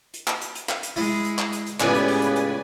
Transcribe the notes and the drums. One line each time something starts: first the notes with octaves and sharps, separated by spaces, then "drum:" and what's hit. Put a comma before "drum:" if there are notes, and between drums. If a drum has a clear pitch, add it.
drum: hi-hat
drum: clap
drum: hi-hat
drum: hi-hat
drum: clap
drum: hi-hat
G#3 E4, drum: open hi-hat
drum: hi-hat
drum: clap
drum: hi-hat
drum: hi-hat
C#2 A2 C#3 B3 G4 B4 D5 G#5, drum: clap
drum: hi-hat
drum: open hi-hat
drum: hi-hat
drum: hi-hat